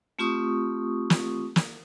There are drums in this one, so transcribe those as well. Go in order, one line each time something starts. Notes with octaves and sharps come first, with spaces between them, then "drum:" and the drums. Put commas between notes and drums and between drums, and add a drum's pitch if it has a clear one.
A3 C4 F4 G4 C#6 D#6
drum: snare
drum: snare